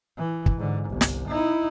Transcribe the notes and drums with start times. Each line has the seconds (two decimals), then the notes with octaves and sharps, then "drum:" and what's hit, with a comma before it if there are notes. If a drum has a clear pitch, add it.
0.17 E3
0.46 drum: kick
0.57 G#2 D3
0.89 G1 C2
1.01 drum: snare
1.28 D#4 E4